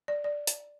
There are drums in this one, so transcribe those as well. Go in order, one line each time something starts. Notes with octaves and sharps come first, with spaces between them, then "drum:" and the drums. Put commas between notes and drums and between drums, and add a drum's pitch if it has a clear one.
D5
D5
drum: hi-hat